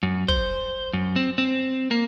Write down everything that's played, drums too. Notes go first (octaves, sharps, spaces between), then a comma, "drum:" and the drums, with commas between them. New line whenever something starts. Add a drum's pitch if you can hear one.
F#2
C5, drum: kick
F#2
C4
C4
A#3